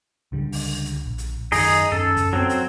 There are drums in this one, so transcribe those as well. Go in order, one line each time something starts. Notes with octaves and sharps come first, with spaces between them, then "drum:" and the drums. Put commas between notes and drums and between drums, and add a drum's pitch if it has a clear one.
C#2 D3 G3
drum: open hi-hat
drum: hi-hat
A#1
drum: hi-hat
F#2 D#3 D#4 G#4 D#5, drum: open hi-hat
F#2 C#4 A4
drum: kick, hi-hat
F#3 C4
drum: hi-hat